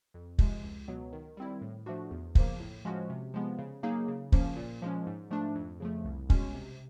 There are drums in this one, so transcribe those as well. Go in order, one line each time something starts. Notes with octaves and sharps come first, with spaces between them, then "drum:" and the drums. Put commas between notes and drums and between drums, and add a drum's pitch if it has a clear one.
F2
C3 F3 G#3, drum: kick
C#2
B2 F#3 B3
D#3
G3 C4 E4
A2
F3 A3 D4 F#4
E2
C#3 F3 A#3, drum: kick
A2
F3 G#3 C#4 F#4
C3
F3 G#3 B3
C#3
F#3 A#3 D#4 G#4
C#3
F3 A#3 C#4, drum: kick
A#2
F3 G#3 C#4
G#2
F3 A3 D4
F2
C#3 F3 A3
C2
B2 G#3 C#4, drum: kick
C3